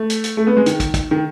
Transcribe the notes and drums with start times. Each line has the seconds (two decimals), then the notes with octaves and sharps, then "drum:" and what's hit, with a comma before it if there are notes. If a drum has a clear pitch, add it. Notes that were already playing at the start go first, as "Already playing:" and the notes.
Already playing: A3
0.10 drum: hi-hat
0.24 drum: hi-hat
0.37 A3
0.47 B3
0.57 G#3
0.66 D#3, drum: hi-hat
0.80 drum: kick, hi-hat
0.94 drum: kick, hi-hat
1.11 D#3